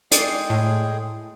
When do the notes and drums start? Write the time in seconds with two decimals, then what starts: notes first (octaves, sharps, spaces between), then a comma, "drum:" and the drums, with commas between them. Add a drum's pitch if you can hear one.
0.11 G#3 G#4 D5 G5 C7, drum: hi-hat
0.50 A2